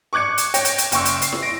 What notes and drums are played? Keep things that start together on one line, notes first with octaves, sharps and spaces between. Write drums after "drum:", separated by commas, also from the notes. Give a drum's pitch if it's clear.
C#6 D6 F#6 G#6 C#7
drum: hi-hat
C#5 G5 A#6, drum: hi-hat
drum: hi-hat
drum: hi-hat
F#1 G5 C#6 E6, drum: hi-hat
drum: hi-hat
C7, drum: hi-hat
drum: snare E4
A#6 D7